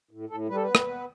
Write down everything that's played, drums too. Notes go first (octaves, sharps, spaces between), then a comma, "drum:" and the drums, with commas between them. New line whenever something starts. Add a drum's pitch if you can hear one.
A2
A2 A4
G3 B4
A4
B3 B4
drum: rim click
B3